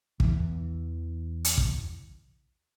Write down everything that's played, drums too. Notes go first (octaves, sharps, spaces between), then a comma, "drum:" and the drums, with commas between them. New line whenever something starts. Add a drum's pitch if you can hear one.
E2 E3, drum: kick
drum: hi-hat
drum: kick